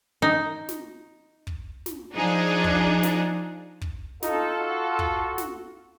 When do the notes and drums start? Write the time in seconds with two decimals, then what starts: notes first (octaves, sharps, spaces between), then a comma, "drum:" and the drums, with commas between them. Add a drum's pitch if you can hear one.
0.22 D#4
0.69 drum: snare
1.47 drum: kick
1.86 drum: snare
2.15 F3 D4 D#4 G#4
2.64 drum: kick
3.03 drum: snare
3.81 drum: kick
4.23 D#4 F4 A4, drum: snare
4.60 F#4
4.99 drum: kick
5.38 drum: snare